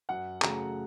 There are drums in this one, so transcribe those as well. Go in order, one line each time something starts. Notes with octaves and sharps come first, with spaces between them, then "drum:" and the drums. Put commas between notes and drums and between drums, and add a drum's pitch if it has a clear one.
F#2 F#5
C#3 F#3 A3 A#5, drum: clap